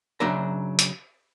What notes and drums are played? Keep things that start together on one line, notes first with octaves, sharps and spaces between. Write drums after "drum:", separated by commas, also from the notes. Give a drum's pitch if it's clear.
C#3 F#3 D4 E5 A#5
drum: hi-hat